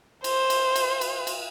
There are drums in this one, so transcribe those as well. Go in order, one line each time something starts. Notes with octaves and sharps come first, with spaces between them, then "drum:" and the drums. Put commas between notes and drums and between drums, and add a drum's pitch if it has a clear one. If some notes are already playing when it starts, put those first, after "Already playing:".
C5, drum: cymbal
drum: cymbal
drum: cymbal
drum: cymbal
drum: cymbal